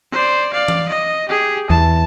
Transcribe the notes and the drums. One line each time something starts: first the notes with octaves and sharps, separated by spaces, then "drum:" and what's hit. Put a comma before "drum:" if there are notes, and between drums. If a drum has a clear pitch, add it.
C5 D5
D5 F5
drum: tom E3
D#5
G4 G#4
E2 A5